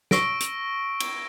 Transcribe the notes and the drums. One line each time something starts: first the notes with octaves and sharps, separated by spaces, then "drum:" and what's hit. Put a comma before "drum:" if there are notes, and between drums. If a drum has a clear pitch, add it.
C#6 E6 A#6 D7, drum: snare
drum: hi-hat
drum: cymbal